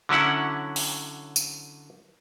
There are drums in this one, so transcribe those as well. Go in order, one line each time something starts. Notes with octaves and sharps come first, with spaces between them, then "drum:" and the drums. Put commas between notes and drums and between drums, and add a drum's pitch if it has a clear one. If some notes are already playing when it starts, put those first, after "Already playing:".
D3 F#3 C#4 E4 F#5
drum: open hi-hat
drum: tambourine